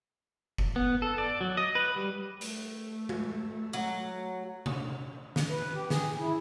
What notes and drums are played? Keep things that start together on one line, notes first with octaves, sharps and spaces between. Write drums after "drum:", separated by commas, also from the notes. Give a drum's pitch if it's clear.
drum: kick F#1
B3
A4
D5
F#3
D#5
B4
G3
A3, drum: hi-hat
drum: tom G#3
F#3
drum: tom C3
drum: snare
B4
G4
G#4, drum: snare
E4